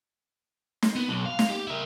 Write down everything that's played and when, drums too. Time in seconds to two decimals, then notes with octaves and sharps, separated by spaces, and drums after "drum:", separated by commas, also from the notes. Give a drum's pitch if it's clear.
0.82 drum: snare
0.96 B3
1.10 B1
1.26 F5
1.39 drum: snare
1.49 G4
1.67 E4 A#4